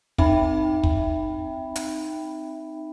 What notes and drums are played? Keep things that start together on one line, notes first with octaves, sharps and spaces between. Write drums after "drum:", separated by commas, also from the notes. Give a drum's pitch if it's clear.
C4 D#4 E5 G5 B5, drum: kick
drum: kick
drum: hi-hat